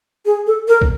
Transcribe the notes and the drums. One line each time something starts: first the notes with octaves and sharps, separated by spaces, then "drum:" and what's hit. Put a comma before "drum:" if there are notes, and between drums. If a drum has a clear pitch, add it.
G#4
A4
A#4
drum: kick